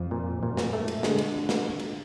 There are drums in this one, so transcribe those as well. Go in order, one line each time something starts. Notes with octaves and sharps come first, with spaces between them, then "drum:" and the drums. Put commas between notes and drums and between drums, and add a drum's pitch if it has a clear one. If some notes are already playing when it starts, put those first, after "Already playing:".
Already playing: F2 F3
A#2
F#2 A#2
drum: snare
G#2 A3
drum: cymbal
D3 G#3, drum: snare
drum: cymbal
drum: snare
drum: cymbal